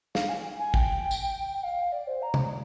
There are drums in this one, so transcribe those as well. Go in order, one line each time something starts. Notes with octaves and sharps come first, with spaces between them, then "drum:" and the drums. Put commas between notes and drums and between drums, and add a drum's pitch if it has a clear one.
F5, drum: snare
G#5
G#5
G5, drum: kick
drum: tambourine
G5
F5
D5
C5
A#5
drum: tom C3